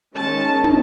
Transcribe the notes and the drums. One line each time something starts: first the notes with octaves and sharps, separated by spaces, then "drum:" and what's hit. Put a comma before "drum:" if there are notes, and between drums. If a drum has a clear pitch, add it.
D#3 G#3 C#4 A5
drum: tom